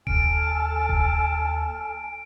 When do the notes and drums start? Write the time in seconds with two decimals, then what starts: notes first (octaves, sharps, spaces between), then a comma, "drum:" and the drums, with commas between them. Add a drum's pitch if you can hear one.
0.07 D#2 A4 G#5 A5 F6 D7, drum: kick D#1
0.89 drum: kick D#1